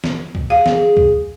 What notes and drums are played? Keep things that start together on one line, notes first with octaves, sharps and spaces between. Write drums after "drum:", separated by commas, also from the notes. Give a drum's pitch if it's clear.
drum: snare
drum: kick C2
G#4 F5
drum: snare
drum: kick C2